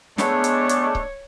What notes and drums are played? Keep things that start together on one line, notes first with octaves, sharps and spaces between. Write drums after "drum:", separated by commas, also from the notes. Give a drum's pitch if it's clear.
G#3 A3 B3 D4 C#5, drum: snare
drum: hi-hat
drum: hi-hat
drum: kick C#1